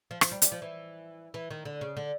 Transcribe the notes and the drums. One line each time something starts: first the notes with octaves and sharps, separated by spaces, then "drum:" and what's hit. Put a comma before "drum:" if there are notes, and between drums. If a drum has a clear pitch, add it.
F3
F3, drum: rim click
G3
G3, drum: hi-hat
F3
E3
E3
D#3
D3
C#3
D3